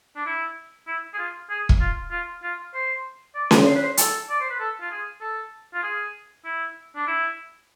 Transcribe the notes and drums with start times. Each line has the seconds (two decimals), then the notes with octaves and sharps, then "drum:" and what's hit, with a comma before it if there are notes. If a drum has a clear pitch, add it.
0.16 D4
0.26 E4
0.87 E4
1.13 G#4
1.19 F4
1.49 G#4
1.69 drum: kick
1.80 F4
2.11 F4
2.43 F4
2.74 C5
3.35 D5
3.51 drum: snare C#4
3.66 C5
3.75 B4
3.83 C5
3.97 A4, drum: hi-hat
4.30 D5
4.40 C5
4.50 B4
4.59 A4
4.81 F4
4.91 G#4
5.21 A4
5.74 F4
5.83 G#4
6.45 E4
6.96 D4
7.07 E4